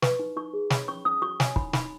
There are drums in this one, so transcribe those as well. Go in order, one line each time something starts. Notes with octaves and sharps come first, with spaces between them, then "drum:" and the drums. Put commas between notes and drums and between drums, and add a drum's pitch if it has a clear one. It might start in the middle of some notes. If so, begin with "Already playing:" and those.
B4 C#6, drum: snare
D#4
D#4 C#6
G#4
C#5 B5, drum: snare
C#4 C#6
C#4 D#6
F#4 C#6
C#5 G#5, drum: snare
D#4 B5, drum: kick
D#4 B5, drum: snare